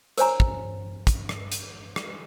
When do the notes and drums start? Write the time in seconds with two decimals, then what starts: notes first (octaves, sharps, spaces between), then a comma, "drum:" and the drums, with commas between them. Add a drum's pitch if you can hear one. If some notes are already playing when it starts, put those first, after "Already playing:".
0.18 A#4 C5 C#5 G#5 A#5, drum: hi-hat
0.40 drum: kick
1.07 drum: kick, hi-hat
1.29 drum: rim click
1.52 drum: hi-hat
1.96 drum: rim click